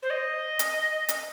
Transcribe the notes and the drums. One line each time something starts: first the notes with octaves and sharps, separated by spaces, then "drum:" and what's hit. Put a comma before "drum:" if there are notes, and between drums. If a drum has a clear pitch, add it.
C5
D#5
drum: hi-hat
drum: hi-hat